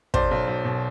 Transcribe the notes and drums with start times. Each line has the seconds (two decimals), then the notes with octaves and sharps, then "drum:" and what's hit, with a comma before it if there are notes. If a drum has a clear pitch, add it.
0.14 B1 C5 D5, drum: kick
0.31 B1
0.47 B1
0.64 B2